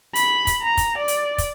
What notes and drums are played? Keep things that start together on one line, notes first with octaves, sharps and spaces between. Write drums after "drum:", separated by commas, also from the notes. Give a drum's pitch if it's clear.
B5, drum: hi-hat
drum: kick, hi-hat
A#5
drum: kick, hi-hat
D5
drum: hi-hat
drum: kick, hi-hat